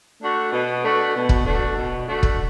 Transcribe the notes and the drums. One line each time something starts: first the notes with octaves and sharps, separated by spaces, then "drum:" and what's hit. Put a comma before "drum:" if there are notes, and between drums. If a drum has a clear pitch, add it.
A3 D4 F#4
B2
A3 D4 F#4
B2
drum: kick
A3 D4 F#4
B2
A3 D4 F#4
drum: kick